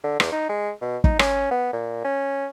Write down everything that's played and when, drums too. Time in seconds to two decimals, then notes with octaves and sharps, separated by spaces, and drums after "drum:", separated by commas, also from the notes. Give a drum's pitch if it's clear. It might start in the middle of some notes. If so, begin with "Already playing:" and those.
0.04 D3
0.20 E2, drum: rim click
0.32 D#4
0.49 G#3
0.82 B2
1.04 D#4, drum: kick
1.19 C#4, drum: rim click
1.51 B3
1.73 A#2
2.04 C#4